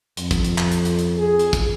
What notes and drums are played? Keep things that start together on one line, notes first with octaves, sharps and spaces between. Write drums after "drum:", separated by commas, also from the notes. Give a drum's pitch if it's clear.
F2, drum: hi-hat
drum: kick, hi-hat
drum: hi-hat
drum: clap
drum: hi-hat
drum: hi-hat
drum: hi-hat
G#4
drum: hi-hat
drum: kick, hi-hat